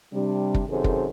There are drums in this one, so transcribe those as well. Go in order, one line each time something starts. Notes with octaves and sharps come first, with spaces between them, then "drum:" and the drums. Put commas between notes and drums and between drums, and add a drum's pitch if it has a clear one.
C3 G3 D4
drum: kick
F#2 C3 D#3 G#4 A4 C5
drum: kick